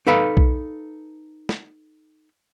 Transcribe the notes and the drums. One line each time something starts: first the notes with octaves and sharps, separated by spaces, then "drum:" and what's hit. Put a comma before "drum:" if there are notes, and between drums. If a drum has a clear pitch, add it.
D#4 A4 B4 F5 B5
drum: kick B1
drum: snare